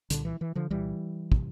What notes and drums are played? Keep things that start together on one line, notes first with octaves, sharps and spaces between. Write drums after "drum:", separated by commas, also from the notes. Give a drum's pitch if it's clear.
C2 A#2 D3, drum: hi-hat
E3
E3
D3 F3
C2 A#2 E3 G3
C3, drum: kick